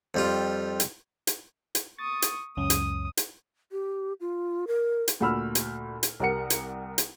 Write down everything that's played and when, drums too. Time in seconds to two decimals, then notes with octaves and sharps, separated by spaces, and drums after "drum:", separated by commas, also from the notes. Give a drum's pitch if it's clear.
0.14 F2 G3 F4
0.80 drum: hi-hat
1.27 drum: hi-hat
1.75 drum: hi-hat
1.99 C#6 D#6 A6
2.22 drum: hi-hat
2.57 C#2 F#2 C#4 D#6
2.70 drum: hi-hat
3.17 drum: hi-hat
3.72 G4
4.21 F4
4.67 A#4
5.08 drum: hi-hat
5.20 D2 A#2 F#4 B5 E6 F6
5.55 drum: hi-hat
6.03 drum: hi-hat
6.20 C2 G4 A#4 F#5 C#7
6.50 drum: hi-hat
6.98 drum: hi-hat